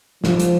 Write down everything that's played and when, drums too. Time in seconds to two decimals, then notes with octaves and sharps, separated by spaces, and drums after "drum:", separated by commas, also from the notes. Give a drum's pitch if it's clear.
0.24 F3, drum: snare
0.40 drum: hi-hat